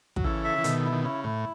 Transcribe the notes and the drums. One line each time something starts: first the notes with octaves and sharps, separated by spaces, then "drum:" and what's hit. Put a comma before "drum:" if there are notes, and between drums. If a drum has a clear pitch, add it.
F#3, drum: kick
C#3 E3 A4
E5
E3
B2 D#3 A4, drum: hi-hat
E4
D#3
C#3 E4
A2 E4